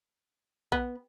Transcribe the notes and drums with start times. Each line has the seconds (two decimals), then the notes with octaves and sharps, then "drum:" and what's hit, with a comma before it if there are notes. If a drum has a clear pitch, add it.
0.72 B3, drum: kick A#1